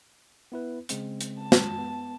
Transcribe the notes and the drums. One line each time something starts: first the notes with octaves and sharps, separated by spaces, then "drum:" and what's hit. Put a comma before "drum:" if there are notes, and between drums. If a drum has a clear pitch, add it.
B3 E4 B4
C#3 G#3 C4, drum: hi-hat
drum: hi-hat
A5
drum: snare
B3